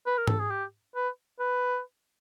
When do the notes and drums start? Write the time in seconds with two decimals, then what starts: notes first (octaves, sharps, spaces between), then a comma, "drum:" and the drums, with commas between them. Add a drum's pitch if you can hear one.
0.06 B4
0.18 A#4
0.27 A4, drum: tom G#2
0.39 G#4
0.50 G4
0.95 B4
1.39 B4